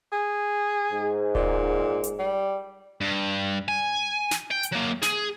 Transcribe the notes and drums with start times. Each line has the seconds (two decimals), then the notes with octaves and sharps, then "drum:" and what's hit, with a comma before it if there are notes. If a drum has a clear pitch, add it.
0.13 G#4
0.91 G#2
1.35 A#2, drum: kick D#1
2.04 drum: hi-hat
2.19 G3
3.01 G2
3.68 G#5
4.31 drum: snare
4.51 G5
4.63 drum: hi-hat
4.73 F#3 A#3
5.02 G#4, drum: snare